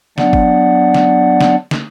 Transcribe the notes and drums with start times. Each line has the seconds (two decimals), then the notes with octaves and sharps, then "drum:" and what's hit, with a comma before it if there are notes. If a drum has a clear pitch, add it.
0.18 F#3 B3 D4 D5 F#5, drum: snare
0.33 drum: kick
0.94 drum: snare
1.41 drum: snare
1.71 drum: snare